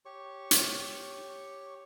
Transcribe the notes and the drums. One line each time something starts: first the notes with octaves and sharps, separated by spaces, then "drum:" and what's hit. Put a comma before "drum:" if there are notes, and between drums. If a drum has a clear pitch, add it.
G4 C#5 C#6
drum: hi-hat